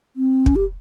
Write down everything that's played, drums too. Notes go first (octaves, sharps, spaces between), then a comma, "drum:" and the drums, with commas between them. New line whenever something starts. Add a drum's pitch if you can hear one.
C4
C#4, drum: kick
G4